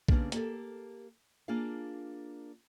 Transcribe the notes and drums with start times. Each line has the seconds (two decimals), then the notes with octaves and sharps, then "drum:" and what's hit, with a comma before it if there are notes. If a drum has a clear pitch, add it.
0.08 C#3 E3 G3 A#3 B3 D4, drum: kick A#1
0.32 A#3 G4 A4, drum: hi-hat
1.48 A#3 D4 F4 G#4 F5